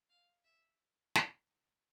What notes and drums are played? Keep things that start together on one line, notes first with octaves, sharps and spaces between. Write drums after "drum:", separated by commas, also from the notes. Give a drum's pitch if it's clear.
F5
E5
drum: snare